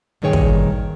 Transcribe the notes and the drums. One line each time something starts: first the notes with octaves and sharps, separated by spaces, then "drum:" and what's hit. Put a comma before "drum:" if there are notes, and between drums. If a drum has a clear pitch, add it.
G2 A#2 D#3 G#4 C#5 G5
drum: kick